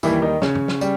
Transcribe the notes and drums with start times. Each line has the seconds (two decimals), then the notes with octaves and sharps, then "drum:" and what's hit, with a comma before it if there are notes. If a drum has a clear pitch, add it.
0.03 D#2 D#3 E3 G3 E4, drum: tambourine
0.22 D#3 D#4
0.42 C#3 C#4, drum: snare
0.55 drum: tom
0.68 drum: snare
0.81 G3, drum: tambourine